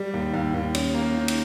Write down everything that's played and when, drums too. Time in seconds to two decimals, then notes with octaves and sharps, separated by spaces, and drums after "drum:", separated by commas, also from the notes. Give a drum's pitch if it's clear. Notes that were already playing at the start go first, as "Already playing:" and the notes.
Already playing: G3
0.14 D#2
0.34 D#2
0.54 D#2
0.75 C#4, drum: cymbal
0.94 A#3
1.15 D#3
1.28 drum: cymbal